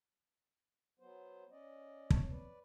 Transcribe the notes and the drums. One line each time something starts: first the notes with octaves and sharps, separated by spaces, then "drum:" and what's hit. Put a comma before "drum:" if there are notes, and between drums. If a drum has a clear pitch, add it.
F#3 B3 C5
C#4 D5 D#5
C#5 A5, drum: kick
B4 D5